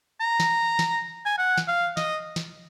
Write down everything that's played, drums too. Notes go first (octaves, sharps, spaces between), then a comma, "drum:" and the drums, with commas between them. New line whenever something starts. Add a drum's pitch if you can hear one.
A#5
drum: snare
drum: snare
G#5
F#5
drum: snare
F5
D#5, drum: snare
drum: snare